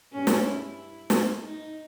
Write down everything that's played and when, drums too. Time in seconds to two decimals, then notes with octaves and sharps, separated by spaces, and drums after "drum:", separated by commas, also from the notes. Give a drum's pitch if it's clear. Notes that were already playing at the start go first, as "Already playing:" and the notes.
0.13 G2 C#4
0.27 drum: snare
0.48 E4
1.10 drum: snare
1.45 D#4